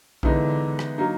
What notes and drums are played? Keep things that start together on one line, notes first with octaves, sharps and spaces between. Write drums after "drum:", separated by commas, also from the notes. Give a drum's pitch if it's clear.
D3 E3 G#3 B3 D#4, drum: kick A#1
drum: rim click
F#3 A#3 D#4